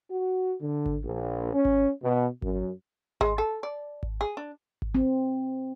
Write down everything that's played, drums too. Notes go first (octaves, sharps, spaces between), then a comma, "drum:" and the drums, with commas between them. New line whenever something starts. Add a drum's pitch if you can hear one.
F#4
D3
drum: kick G#1
A#1
C#4
drum: kick G#1
B2
F#2, drum: kick G#1
G#3, drum: kick G#1
A4
D5
drum: kick G#1
G#4
D4
drum: kick G#1
C4